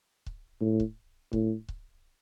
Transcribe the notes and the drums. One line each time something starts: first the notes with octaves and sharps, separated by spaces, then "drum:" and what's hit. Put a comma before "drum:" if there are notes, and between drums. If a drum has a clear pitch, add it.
drum: kick C#1
A2
drum: kick C#1
A2, drum: kick C#1
drum: kick C#1